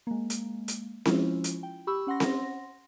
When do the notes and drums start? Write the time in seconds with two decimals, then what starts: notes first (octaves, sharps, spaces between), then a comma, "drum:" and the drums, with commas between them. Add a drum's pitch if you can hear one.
0.07 G#3 A#3
0.30 drum: hi-hat
0.68 drum: hi-hat
1.05 F3 G#3 C#4 E4 F4, drum: snare C4
1.44 drum: hi-hat
1.63 G5
1.87 G4 B5 C#6 E6
2.07 C#4 F#5 C6 A#6
2.20 drum: snare C4